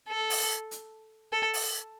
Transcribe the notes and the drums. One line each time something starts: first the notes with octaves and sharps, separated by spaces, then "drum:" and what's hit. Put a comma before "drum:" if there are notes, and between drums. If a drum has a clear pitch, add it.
A4
drum: open hi-hat
drum: hi-hat
A4
drum: open hi-hat